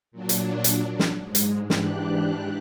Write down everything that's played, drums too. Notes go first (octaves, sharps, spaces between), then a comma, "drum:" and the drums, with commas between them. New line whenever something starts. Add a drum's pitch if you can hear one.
A#2 F#3 D4
drum: hi-hat
drum: hi-hat
drum: snare
G#2 G#3
drum: hi-hat
G#2 E3 D4 G4 F#6, drum: snare